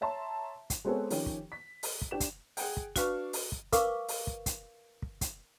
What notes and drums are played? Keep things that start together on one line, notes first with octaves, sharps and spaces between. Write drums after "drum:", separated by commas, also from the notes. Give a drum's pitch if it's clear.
C#5 E5 A5 A#5 C6
drum: kick, hi-hat
G#3 B3 C4 G#4 A4 C#5
D#3 F3 C#4 G4, drum: open hi-hat
drum: kick
B6
drum: open hi-hat
drum: kick
D4 G4 E7
drum: kick, hi-hat
G#4 F#5 G5, drum: open hi-hat
drum: kick
D4 F#4 B4 F5 C#6, drum: kick, hi-hat
drum: open hi-hat
drum: kick
A#4 B4 F5 C#6 D6 E6, drum: kick, hi-hat
drum: open hi-hat
drum: kick
drum: kick, hi-hat
drum: kick
drum: kick, hi-hat